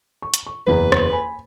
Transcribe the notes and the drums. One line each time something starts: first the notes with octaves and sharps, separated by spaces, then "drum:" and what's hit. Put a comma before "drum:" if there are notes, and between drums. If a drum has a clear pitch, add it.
C#6
drum: hi-hat
C#6
F#1 E2 B4 A#5
drum: rim click
G#5 B5